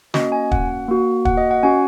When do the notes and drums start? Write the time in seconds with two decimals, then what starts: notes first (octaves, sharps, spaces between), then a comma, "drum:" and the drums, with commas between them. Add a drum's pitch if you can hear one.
0.14 A#3 C#4 F#4 D#5, drum: snare
0.32 G#5
0.51 F#5, drum: kick
0.88 A#3 F#4
1.25 F#5, drum: kick
1.37 D#5
1.51 F#5
1.63 C#4 F#4 G#5